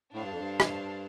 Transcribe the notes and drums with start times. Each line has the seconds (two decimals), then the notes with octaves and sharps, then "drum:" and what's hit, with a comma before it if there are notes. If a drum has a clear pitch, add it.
0.13 A2 D4 A4 C5 F5 A5
0.22 G2
0.31 F2
0.40 G2
0.60 drum: rim click